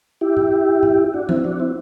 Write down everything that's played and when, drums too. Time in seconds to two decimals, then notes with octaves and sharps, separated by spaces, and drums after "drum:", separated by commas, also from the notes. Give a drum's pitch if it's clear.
0.21 E4 G4
0.37 drum: tom G#2
0.83 drum: tom G#2
1.14 D4 F#4
1.29 C4 E4, drum: tom F3
1.44 D4 F#4
1.59 C4 E4